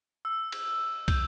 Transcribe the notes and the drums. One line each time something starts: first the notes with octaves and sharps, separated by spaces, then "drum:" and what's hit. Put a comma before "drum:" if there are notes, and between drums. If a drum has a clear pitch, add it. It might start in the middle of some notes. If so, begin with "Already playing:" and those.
E6
drum: cymbal
G6, drum: kick, cymbal